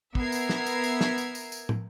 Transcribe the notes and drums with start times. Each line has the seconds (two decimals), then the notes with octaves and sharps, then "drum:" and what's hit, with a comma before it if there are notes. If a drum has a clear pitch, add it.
0.15 B3 A#4 E5 G#6 C7, drum: kick
0.32 drum: tambourine
0.49 drum: snare
0.66 drum: tambourine
0.84 drum: tambourine
1.01 drum: snare
1.18 drum: tambourine
1.35 drum: tambourine
1.52 drum: tambourine
1.69 drum: tom